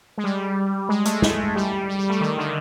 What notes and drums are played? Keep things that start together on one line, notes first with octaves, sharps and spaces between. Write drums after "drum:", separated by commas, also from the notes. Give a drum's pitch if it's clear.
G#3
G3
G#3
A3, drum: hi-hat
G#3, drum: snare
G3
G3
G3
A3
D#3
D3